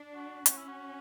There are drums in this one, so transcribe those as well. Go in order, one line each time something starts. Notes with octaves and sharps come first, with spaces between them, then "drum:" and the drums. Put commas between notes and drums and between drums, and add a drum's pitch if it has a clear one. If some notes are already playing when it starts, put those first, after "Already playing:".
Already playing: D4
F#4
C#4 F#4, drum: hi-hat
E4
F#4